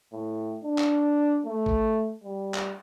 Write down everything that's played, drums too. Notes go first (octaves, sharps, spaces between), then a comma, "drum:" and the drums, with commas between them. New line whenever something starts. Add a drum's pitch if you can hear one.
A2
D4
drum: clap
A3
drum: kick G#1
G3
drum: clap